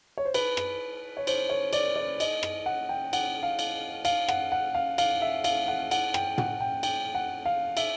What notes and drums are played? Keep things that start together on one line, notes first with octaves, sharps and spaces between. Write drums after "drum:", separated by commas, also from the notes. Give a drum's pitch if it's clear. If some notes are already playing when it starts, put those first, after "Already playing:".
C#5
C5
B4, drum: cymbal
drum: rim click
C#5
C5, drum: cymbal
C#5
D5, drum: cymbal
D5
D#5, drum: cymbal
drum: rim click
F#5
G5
F#5, drum: cymbal
F5
drum: cymbal
F5, drum: cymbal
F#5, drum: rim click
F#5
F5
F5, drum: cymbal
E5
F5, drum: cymbal
F#5
F#5, drum: cymbal
G5, drum: rim click
F#5, drum: tom
G5
G5, drum: cymbal
F#5
F5
E5, drum: cymbal